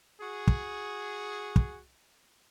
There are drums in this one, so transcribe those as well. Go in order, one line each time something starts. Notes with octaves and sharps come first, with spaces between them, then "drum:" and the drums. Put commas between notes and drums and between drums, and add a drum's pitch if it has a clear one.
F#4 G#4
drum: kick
drum: kick